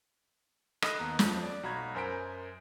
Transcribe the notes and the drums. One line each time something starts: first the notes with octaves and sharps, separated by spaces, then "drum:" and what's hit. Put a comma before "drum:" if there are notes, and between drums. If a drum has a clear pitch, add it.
A4 D#5 B5 D#6 F#6, drum: rim click
D#2 B3 A#5
F2 F3, drum: snare
D5
B1 F#4 A#5 B5 G#6
F#2 A#4 C5 G#5 B6 D7